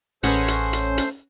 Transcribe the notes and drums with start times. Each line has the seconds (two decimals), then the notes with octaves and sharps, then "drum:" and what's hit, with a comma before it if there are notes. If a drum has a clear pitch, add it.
0.23 A1 A3 C#4 F#4 G#4 B4 C5, drum: hi-hat
0.48 drum: hi-hat
0.73 drum: hi-hat
0.98 drum: hi-hat